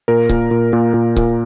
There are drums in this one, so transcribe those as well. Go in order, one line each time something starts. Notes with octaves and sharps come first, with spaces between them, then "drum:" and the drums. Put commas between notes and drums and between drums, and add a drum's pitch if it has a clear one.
A#2 A#4
A#2, drum: kick C#1
A#2
A#2
A#2
A#2, drum: kick C#1